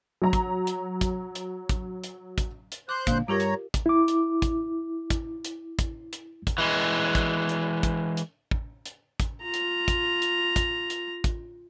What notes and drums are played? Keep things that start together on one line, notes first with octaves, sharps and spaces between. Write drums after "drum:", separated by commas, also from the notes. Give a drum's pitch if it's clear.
F#3 A#5
drum: kick, hi-hat
drum: hi-hat
drum: kick, hi-hat
drum: hi-hat
drum: kick, hi-hat
drum: hi-hat
drum: kick, hi-hat
drum: hi-hat
C5 D6 F#6 G6
A#2 D3 F5, drum: kick, hi-hat
G2 F4 G4 A#4 C#5 A#5
drum: hi-hat
drum: kick, hi-hat
E4 D6
drum: hi-hat
drum: kick, hi-hat
drum: kick, hi-hat
drum: hi-hat
drum: kick, hi-hat
drum: hi-hat
drum: kick, hi-hat
E3 G#3
drum: kick, hi-hat
drum: hi-hat
drum: kick, hi-hat
drum: hi-hat
drum: kick
drum: hi-hat
drum: kick, hi-hat
F4 A#5
drum: hi-hat
drum: kick, hi-hat
drum: hi-hat
drum: kick, hi-hat
drum: hi-hat
drum: kick, hi-hat